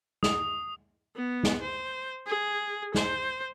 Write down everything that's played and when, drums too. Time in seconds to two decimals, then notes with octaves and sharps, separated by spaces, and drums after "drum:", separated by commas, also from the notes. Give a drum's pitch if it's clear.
0.23 D#6, drum: snare
1.16 B3
1.43 drum: snare
1.62 C5
2.27 G#4
2.94 C5, drum: snare